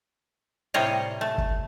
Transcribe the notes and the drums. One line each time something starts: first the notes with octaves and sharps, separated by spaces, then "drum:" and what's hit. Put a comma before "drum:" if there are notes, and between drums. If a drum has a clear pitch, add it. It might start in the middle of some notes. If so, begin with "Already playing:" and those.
A2 C3 G3 C#5 D#5 F5
A3
drum: kick